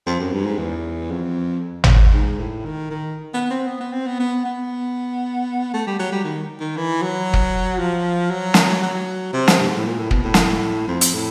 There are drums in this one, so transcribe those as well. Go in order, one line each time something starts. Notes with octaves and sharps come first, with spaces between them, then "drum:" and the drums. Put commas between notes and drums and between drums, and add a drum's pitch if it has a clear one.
F2
F#2
G2
G#2
E2
F2
drum: tom
G#2
A2
D#3
D#3
B3
C4
B3
B3
C4
B3
B3
B3
A3
G3
F#3
G3
D#3
D#3
E3
F#3
drum: kick
F3
F#3
drum: snare
F#3
C3
drum: snare
G2
G#2
A2
A#2
A2
B2, drum: kick
A2
drum: snare
F2
drum: hi-hat
A2